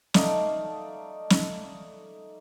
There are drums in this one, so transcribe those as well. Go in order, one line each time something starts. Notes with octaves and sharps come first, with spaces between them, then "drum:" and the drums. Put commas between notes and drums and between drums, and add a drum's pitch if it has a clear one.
A3 D#4 D5 F5, drum: snare
drum: snare